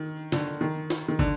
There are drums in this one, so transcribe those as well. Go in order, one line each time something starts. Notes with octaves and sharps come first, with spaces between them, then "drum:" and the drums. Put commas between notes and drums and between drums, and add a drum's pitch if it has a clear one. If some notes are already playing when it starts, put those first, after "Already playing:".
Already playing: D#3
D3, drum: snare
D#3
drum: snare
D#3
D3, drum: kick